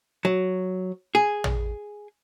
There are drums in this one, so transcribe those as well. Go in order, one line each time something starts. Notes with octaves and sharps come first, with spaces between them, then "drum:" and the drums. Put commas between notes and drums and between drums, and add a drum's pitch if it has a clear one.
F#3
G#4
drum: tom